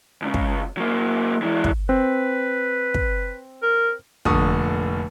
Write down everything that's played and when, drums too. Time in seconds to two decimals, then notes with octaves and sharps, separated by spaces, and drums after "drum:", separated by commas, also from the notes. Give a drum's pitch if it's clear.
0.22 C#2 C#3
0.34 drum: kick
0.77 F#3 A#3
1.42 E3 G#3
1.64 drum: kick
1.89 C4 B4
2.94 drum: kick
3.63 A#4
4.25 F1 A#1 D3 C#6 D#6, drum: kick